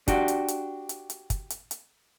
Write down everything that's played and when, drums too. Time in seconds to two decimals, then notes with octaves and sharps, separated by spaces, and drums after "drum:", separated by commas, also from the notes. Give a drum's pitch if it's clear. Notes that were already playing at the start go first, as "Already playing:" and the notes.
0.08 D4 F#4 G4, drum: kick, hi-hat
0.28 drum: hi-hat
0.48 drum: hi-hat
0.89 drum: hi-hat
1.10 drum: hi-hat
1.30 drum: kick, hi-hat
1.50 drum: hi-hat
1.71 drum: hi-hat